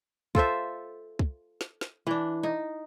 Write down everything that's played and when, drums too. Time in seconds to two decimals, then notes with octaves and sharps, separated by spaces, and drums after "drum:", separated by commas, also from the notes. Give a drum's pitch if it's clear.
0.35 F4 A4 C5 E5, drum: kick
1.19 drum: kick
1.61 drum: snare
1.81 drum: snare
2.07 E3 D4
2.43 D#4